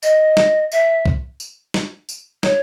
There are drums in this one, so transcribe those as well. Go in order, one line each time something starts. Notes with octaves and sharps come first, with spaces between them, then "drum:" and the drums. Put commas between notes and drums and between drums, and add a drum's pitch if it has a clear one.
D#5, drum: tambourine
drum: snare
E5, drum: tambourine
drum: kick
drum: tambourine
drum: snare
drum: tambourine
C#5, drum: snare